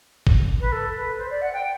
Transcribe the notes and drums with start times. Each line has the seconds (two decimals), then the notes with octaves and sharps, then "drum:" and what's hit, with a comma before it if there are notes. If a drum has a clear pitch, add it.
0.27 drum: kick
0.60 B4
0.72 A4
0.95 B4
1.18 C5
1.30 D5
1.41 F#5
1.53 G5